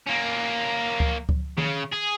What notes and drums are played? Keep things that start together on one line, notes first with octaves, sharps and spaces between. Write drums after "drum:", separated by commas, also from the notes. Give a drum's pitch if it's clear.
A#3 C#4
drum: kick C#2
drum: kick C#2
C#3, drum: tom D#3
G#4